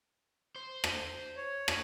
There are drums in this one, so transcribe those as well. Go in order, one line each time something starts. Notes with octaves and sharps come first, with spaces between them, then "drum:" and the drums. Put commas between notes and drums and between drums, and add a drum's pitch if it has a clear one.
C5
drum: rim click
C#5
drum: rim click